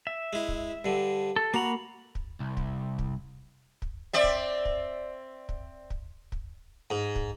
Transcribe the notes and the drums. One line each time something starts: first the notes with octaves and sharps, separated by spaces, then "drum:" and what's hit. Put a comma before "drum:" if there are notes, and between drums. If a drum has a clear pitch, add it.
E5
G#3 E4
drum: kick
G2 D3
A4
A#3 F#4 A#5 B5
drum: kick
C2
drum: kick
drum: kick
drum: kick
C4 D5 E5
drum: kick
drum: kick
drum: kick
drum: kick
drum: kick
G#2
drum: kick